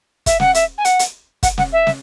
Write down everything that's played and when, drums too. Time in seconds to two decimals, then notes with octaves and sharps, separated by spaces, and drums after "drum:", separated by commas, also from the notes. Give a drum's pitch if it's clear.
0.26 E5, drum: kick, hi-hat
0.40 F#5, drum: snare
0.54 E5, drum: hi-hat
0.78 G#5
0.85 F#5, drum: hi-hat
0.99 drum: hi-hat
1.43 F#5, drum: kick, hi-hat
1.58 F#5, drum: snare
1.72 E5
1.87 drum: snare